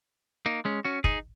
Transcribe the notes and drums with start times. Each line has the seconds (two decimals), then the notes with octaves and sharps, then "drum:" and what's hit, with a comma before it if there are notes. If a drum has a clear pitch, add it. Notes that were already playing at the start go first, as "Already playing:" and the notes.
0.46 A#3 D#4
0.65 G#3 C#4
0.85 C#4 F#4
1.04 D#4 G#4, drum: kick